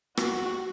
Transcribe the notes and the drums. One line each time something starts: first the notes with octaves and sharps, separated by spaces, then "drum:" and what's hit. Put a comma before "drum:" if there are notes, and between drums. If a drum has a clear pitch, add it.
F#4, drum: rim click